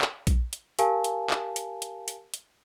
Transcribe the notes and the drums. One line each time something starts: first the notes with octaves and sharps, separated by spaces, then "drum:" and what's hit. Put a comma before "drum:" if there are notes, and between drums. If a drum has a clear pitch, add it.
drum: clap
drum: kick A#1, hi-hat
drum: hi-hat
G4 A#4 F5 G#5 A5, drum: hi-hat
drum: hi-hat
drum: clap
drum: hi-hat
drum: hi-hat
drum: hi-hat
drum: hi-hat